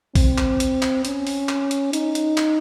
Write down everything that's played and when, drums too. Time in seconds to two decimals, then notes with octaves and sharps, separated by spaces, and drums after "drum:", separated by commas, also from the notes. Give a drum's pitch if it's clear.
0.15 C4, drum: kick A#1, open hi-hat
0.38 drum: clap
0.60 drum: hi-hat
0.82 drum: clap
1.05 C#4, drum: hi-hat
1.27 drum: open hi-hat
1.49 drum: clap
1.71 drum: hi-hat
1.93 D#4, drum: hi-hat
2.15 drum: hi-hat
2.37 drum: clap